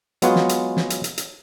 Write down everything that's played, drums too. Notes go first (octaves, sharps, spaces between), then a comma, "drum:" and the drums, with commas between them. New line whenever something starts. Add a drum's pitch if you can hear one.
F#3 G#3 B3 F4 F#4 G#4, drum: hi-hat
drum: snare
drum: hi-hat
drum: snare
drum: hi-hat
drum: hi-hat
drum: hi-hat